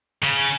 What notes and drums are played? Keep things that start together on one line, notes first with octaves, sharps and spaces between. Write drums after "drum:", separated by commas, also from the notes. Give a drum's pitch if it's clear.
C#3, drum: hi-hat